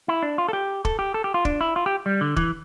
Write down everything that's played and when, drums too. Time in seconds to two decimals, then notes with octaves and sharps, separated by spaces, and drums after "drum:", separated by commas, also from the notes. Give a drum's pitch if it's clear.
0.08 E4
0.23 D4
0.38 F4
0.48 A4
0.53 G4
0.85 A4, drum: kick
0.99 G4
1.14 A4
1.24 G4
1.34 F4
1.45 D4, drum: kick
1.61 E4
1.76 F4
1.86 G4
2.06 G3
2.21 D3
2.36 E3, drum: kick